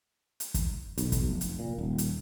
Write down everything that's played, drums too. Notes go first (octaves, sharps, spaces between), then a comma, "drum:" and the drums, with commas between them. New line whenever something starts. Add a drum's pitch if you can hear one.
drum: hi-hat
drum: kick, hi-hat
B1, drum: hi-hat
drum: kick, hi-hat
F1
drum: hi-hat
A#2
D#1
drum: hi-hat